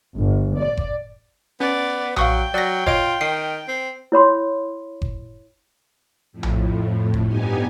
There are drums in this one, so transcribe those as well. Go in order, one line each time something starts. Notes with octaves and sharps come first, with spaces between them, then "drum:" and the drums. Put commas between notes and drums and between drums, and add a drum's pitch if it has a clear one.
G1
D5
drum: kick F#1
B3 C#4 D5
F#3 F5 G5 C#6 D#6, drum: tom A#1
F#3 D5 A#6
F4 C#5 D#5 D7, drum: kick F#1
D#3 C7
C4
E4 C#5 B5 C6
drum: kick F#1
F2 A2
drum: tom A#1
drum: kick F#1
G2 B3 D#4 G4 G#5